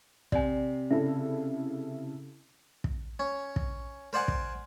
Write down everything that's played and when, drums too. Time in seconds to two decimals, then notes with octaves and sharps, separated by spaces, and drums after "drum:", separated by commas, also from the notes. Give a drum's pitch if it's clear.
0.32 C3 D5 G#5, drum: kick
0.91 C#3 E4 A4 E5
2.84 drum: kick
3.19 C#4
3.56 drum: kick
4.13 A#4 C5 D5 F#5 G#5
4.28 drum: kick